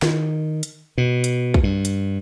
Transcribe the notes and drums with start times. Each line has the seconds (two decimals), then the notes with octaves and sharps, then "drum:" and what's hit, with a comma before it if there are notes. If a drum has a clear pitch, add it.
0.02 D#3, drum: snare
0.63 drum: hi-hat
0.98 B2
1.24 drum: hi-hat
1.54 drum: kick A#1
1.63 G2
1.85 drum: hi-hat